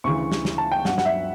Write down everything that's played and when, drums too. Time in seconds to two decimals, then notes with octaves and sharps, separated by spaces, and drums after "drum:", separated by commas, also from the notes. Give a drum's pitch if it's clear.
0.04 D2 C#3 E3 C#6
0.32 drum: snare
0.45 drum: snare
0.58 A5
0.71 G5
0.85 G2 F#3 F#5, drum: snare
0.98 F#5, drum: snare
1.05 E5